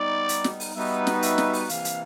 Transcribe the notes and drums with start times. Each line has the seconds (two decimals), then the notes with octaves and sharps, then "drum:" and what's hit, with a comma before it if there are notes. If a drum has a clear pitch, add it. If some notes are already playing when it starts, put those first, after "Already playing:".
Already playing: G3 B3 D#4 D5
0.29 drum: hi-hat
0.44 drum: snare
0.60 drum: open hi-hat
0.75 G3 B3 D#4 F#4 B4 E5
1.07 drum: snare
1.22 E5, drum: hi-hat
1.38 drum: snare
1.53 drum: open hi-hat
1.69 C3 E3 G3 A#3 F5, drum: hi-hat
1.85 drum: hi-hat